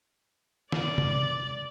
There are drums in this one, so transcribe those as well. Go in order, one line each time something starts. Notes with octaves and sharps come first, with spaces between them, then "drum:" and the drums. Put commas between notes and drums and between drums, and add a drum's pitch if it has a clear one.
D5, drum: snare
drum: tom C3